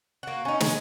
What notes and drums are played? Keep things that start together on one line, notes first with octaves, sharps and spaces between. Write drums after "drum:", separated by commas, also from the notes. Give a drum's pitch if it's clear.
A#3 F#4
C#4 D#4
G#3, drum: snare